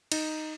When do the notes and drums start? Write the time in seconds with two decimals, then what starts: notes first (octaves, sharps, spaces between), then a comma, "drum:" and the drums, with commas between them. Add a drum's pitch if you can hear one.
0.12 D#4, drum: cymbal